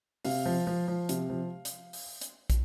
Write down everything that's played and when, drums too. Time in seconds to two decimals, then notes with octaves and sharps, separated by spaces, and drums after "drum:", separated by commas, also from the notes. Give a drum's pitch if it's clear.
0.25 C3 F5, drum: open hi-hat
0.46 F3
0.67 F3
0.88 F3
1.09 C3, drum: hi-hat
1.30 F3
1.65 drum: hi-hat
1.93 drum: open hi-hat
2.21 drum: hi-hat
2.50 drum: kick, hi-hat